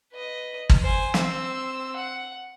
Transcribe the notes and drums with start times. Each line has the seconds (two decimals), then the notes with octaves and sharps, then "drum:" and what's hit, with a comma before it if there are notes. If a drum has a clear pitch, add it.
0.13 B4 D#5
0.70 drum: kick G#1
0.82 C5 G#5
1.14 C4 E6, drum: snare
1.96 F#5